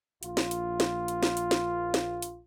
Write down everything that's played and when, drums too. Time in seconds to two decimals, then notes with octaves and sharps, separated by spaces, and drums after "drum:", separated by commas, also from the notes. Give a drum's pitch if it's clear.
0.23 A#1 F4, drum: hi-hat
0.37 drum: snare
0.51 drum: hi-hat
0.80 drum: snare
1.08 drum: hi-hat
1.23 drum: snare
1.37 drum: hi-hat
1.51 drum: snare
1.94 drum: snare
2.22 drum: hi-hat